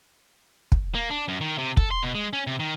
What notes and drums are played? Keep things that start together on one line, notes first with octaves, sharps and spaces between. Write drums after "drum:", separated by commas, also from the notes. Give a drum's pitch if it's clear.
drum: kick
A#3
D4
F#2
D#3
C3
A4, drum: kick
C6
B2
G#3
C#4
C3
D#3